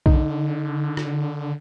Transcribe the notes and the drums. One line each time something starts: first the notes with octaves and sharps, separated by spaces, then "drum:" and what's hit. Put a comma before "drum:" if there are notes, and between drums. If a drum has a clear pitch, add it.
D3 D#4, drum: kick B1
drum: rim click